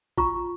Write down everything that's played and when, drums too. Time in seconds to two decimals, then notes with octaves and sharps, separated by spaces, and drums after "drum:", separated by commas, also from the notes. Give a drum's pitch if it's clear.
0.17 F4 A#5 C#6, drum: kick A1